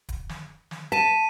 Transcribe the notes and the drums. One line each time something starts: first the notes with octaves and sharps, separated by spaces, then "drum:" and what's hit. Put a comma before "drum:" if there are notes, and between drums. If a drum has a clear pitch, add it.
drum: kick D1, hi-hat
drum: snare
drum: snare
A5 B6 D#7, drum: hi-hat